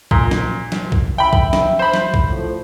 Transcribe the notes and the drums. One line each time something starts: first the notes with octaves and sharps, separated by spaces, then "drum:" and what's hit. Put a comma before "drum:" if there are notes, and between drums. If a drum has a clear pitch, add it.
A#2, drum: kick B1
drum: snare
drum: snare
drum: kick B1
E5 G5 B5
drum: kick B1
drum: snare
C5 B5
drum: snare
drum: kick B1
D2 A2 F3